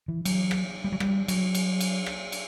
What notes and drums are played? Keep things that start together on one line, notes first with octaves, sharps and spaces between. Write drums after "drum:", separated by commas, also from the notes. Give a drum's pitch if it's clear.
E3
F#3, drum: cymbal
drum: rim click
G3
F#3
G3, drum: rim click
F#3, drum: cymbal
drum: cymbal
drum: cymbal
drum: rim click
drum: cymbal